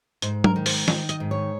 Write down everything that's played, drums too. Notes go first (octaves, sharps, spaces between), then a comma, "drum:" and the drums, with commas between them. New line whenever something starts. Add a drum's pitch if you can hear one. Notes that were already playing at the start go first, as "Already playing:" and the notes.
G#2 C5, drum: hi-hat
A#4, drum: tom F#3
D#3
C5, drum: open hi-hat
D#3, drum: snare
D#5, drum: hi-hat
G#2
C#5